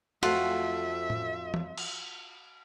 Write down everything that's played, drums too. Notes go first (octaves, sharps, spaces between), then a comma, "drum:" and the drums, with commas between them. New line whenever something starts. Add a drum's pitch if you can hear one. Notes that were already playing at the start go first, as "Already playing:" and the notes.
F2 A3 C4 F4 F#4 E5 F#5, drum: cymbal
drum: tom A2
drum: tom E3
drum: cymbal